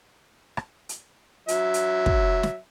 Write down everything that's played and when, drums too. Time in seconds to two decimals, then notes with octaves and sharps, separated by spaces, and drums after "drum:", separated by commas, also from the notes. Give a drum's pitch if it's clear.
0.57 drum: rim click
0.89 drum: hi-hat
1.48 F#3 E5, drum: hi-hat
1.74 drum: hi-hat
2.06 drum: kick
2.43 drum: snare